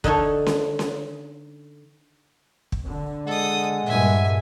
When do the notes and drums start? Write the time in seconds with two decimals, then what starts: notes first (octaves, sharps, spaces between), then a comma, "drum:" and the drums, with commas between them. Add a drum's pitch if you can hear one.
0.04 D3 D#4 A4 C#5, drum: kick
0.46 drum: snare C#4
0.79 drum: snare C#4
2.72 drum: kick
2.87 D3
3.27 G#3 A4 F#5 D#6
3.86 G2 A#2 E5 G#5